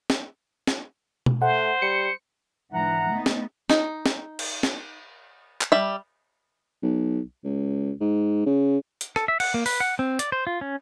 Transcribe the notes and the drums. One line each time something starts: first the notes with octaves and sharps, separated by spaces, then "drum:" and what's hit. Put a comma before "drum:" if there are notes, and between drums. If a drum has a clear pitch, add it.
drum: snare
drum: snare
drum: tom B2
A3 C5 F#5
G3 C#7
G#2 D3 E3 E5 F#5 A#5
A3 B3 D#4
drum: snare
D#4, drum: snare
drum: snare
drum: cymbal
drum: snare
drum: clap
G3 E5
B1
C#2
G#2
C#3
drum: hi-hat
A4, drum: rim click
E5
F#5, drum: cymbal
A#3
B4, drum: open hi-hat
F#5
C4
D5, drum: hi-hat
C5
F4
C#4